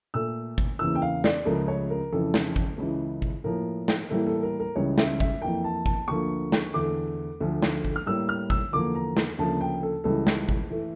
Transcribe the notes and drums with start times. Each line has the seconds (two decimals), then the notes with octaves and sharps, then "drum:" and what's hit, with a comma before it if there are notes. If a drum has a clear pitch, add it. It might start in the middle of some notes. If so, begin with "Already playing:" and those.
0.14 A#2 A3 E6
0.58 drum: kick G#1
0.79 E2 C#3 E3 A#3 E6
0.95 G5
1.02 F5
1.24 D5, drum: snare
1.45 C#2 C#3 F3 A3 A#4
1.68 C#5
1.90 A#4
2.13 F2 C#3 E3 A4
2.34 drum: snare
2.56 drum: kick G#1
2.78 C#2 C#3 E3
3.22 drum: kick G#1
3.44 A2 F3 A#3 A#4
3.88 drum: snare
4.10 A2 E3 G3 A#3 A4
4.27 A4
4.43 A#4
4.60 A#4
4.76 C#2 C#3 E3 G3 C#5
4.98 E5, drum: snare
5.20 E5, drum: kick G#1
5.42 F2 E3 A#3 G5
5.64 A5
5.86 A5, drum: kick G#1
6.08 D2 D3 F3 A#3 C#6
6.52 drum: snare
6.74 E2 D3 A3 D6
7.40 D2 D3 F3
7.62 drum: snare
7.84 drum: kick G#1
7.96 F6
8.07 A2 G3 A#3 E6
8.29 F6
8.50 E6, drum: kick G#1
8.72 E2 D3 F3 A#3 D6
8.95 A#5
9.17 drum: snare
9.39 D2 C#3 F3 A#3 A5
9.61 G5
9.83 A4
10.04 C#2 C#3 E3 G3 A4
10.27 drum: snare
10.49 drum: kick G#1
10.70 E3 A3